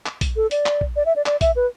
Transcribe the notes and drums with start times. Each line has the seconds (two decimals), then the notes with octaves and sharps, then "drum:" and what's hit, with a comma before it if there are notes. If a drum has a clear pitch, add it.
0.06 drum: clap
0.21 drum: kick A#1, hi-hat
0.36 A4
0.51 D5, drum: hi-hat
0.66 drum: clap
0.81 drum: kick A#1
0.96 D5
1.06 E5
1.16 D5
1.26 D5, drum: clap
1.41 E5, drum: kick A#1, hi-hat
1.56 B4